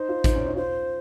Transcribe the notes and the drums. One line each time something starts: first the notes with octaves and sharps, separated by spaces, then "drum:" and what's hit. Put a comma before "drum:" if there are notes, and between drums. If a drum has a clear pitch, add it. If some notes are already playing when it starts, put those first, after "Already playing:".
Already playing: D#4 C5
F4
D#4, drum: kick A1, hi-hat
C#4
D#4
F4 C5